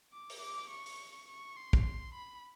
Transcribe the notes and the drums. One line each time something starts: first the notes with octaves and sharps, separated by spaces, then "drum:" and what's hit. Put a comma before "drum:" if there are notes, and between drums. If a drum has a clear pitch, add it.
D6
drum: open hi-hat
D6
C#6
drum: open hi-hat
C#6
C6
drum: kick
B5